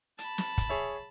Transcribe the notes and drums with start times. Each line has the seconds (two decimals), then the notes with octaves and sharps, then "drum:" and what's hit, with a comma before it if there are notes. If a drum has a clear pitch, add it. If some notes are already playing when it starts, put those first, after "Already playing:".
0.18 A5 B5, drum: hi-hat
0.38 drum: snare
0.58 drum: kick, hi-hat
0.69 G#4 C#5 E5